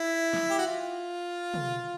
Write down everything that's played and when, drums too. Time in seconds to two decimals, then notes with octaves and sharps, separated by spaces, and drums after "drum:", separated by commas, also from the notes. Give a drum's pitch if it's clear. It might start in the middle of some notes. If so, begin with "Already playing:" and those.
Already playing: E4
0.33 drum: snare
0.50 G4
0.58 F#4
0.66 F4
1.54 drum: tom